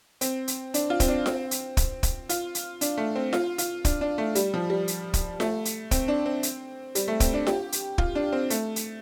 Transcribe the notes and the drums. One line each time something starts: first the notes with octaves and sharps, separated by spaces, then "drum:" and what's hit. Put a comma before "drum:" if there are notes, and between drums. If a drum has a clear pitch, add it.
C4, drum: hi-hat
drum: hi-hat
D4, drum: hi-hat
F4
C4, drum: kick, hi-hat
D4
C4, drum: snare F4
drum: hi-hat
drum: kick, hi-hat
drum: kick, hi-hat
F4, drum: hi-hat
drum: hi-hat
D4, drum: hi-hat
A3
C4
F4, drum: snare F4
F4, drum: hi-hat
D4, drum: kick, hi-hat
D4
A3
G3, drum: hi-hat
F3
G3
drum: hi-hat
drum: kick, hi-hat
A3, drum: snare F4
drum: hi-hat
C4, drum: kick, hi-hat
D4
C4
drum: hi-hat
G3, drum: hi-hat
A3
C4, drum: kick, hi-hat
D4
G4, drum: snare F4
drum: hi-hat
F4, drum: kick
D4
C4
A3, drum: hi-hat
drum: hi-hat